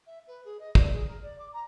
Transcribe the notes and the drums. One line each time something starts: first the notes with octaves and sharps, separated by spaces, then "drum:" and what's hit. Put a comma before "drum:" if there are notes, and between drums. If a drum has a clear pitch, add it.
E5
B4
G#4
D#5
D5, drum: kick
G#4
A#4
D5
D6
A#5